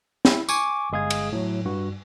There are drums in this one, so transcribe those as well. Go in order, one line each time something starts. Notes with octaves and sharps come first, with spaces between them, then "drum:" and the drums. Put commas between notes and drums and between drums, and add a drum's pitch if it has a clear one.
E4, drum: snare
G#5 C#6 D6, drum: tambourine
G1 G#3 G#4 F5 G#6
drum: cymbal
A2 F#3
G2 F#4